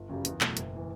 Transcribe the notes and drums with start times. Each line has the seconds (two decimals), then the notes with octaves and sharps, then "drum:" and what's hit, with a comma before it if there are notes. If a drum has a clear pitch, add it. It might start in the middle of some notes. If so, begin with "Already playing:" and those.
Already playing: G1
0.09 F#2 C#3 G3
0.25 E2, drum: hi-hat
0.41 B2 F#3 A3, drum: clap
0.57 F#1, drum: hi-hat
0.76 E3